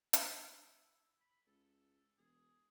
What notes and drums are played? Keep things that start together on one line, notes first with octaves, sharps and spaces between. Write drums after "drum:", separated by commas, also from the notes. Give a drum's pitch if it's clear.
E4, drum: hi-hat
B5
C#2 A4
E1 G#4